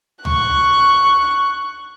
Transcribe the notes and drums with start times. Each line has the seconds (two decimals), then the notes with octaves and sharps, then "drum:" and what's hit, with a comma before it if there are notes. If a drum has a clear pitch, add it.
0.25 C#6 F#6, drum: tom C#2